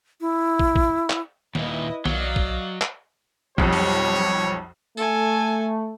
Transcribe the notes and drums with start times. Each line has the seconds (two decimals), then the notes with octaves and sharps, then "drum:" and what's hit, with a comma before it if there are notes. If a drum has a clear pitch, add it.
0.21 E4
0.59 drum: kick
0.75 drum: kick
1.10 drum: clap
1.55 D#2 A#2 E4 B4 D#5, drum: snare
2.05 B1 F#3 D5 D#5 F5, drum: snare
2.36 drum: kick
2.81 drum: clap
3.58 B1 F2 G3 G4 C#5, drum: kick
3.73 drum: open hi-hat
4.97 A3 A4 G#5, drum: tambourine